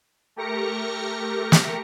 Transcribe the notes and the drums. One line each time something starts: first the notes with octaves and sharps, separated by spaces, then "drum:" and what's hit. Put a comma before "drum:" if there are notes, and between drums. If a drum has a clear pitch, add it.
A3 G4 A#4 A#6 C#7
drum: snare